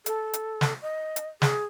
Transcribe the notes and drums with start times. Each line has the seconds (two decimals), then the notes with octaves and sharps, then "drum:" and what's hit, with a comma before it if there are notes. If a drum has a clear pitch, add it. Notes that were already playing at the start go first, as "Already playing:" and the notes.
0.06 A4, drum: hi-hat
0.33 drum: hi-hat
0.61 drum: snare
0.82 D#5
1.16 drum: hi-hat
1.42 G#4, drum: snare